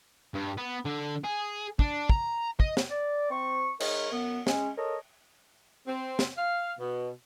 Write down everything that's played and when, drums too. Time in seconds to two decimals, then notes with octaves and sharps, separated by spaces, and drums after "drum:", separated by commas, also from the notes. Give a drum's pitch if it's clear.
0.34 G2
0.57 B3
0.85 D3
1.24 G#4
1.79 D4, drum: kick
2.09 A#5, drum: kick
2.60 D#5, drum: kick
2.77 drum: snare
2.90 D5
3.31 C4 C#6
3.80 G#3 D#4 A#4 C#5, drum: cymbal
4.12 F#2 B3
4.47 G#3 C#4, drum: snare
4.77 A4 A#4 C#5 D#5
5.87 C4
6.19 drum: snare
6.37 F5
6.79 B2